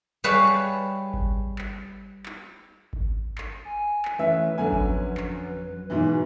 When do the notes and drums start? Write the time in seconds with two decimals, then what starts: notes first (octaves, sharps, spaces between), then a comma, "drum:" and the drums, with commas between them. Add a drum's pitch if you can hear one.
0.24 G3 G#4 B4 C#5 E5 F5
0.46 drum: clap
1.14 drum: kick G#1
1.58 drum: clap
2.26 drum: clap
2.93 drum: kick G#1
3.38 drum: clap
3.65 G#5
4.05 drum: clap
4.19 E3 A3 C#4 B4 E5
4.58 F2 D3 F#3 C#4 B4 G#5
4.72 drum: kick G#1
5.17 drum: clap
5.90 G#2 B2 E3